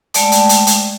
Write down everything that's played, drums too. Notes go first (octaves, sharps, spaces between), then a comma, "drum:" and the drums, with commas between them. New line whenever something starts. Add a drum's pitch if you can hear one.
G#3 A3 D5 G5 A5, drum: hi-hat
drum: hi-hat
drum: hi-hat
drum: hi-hat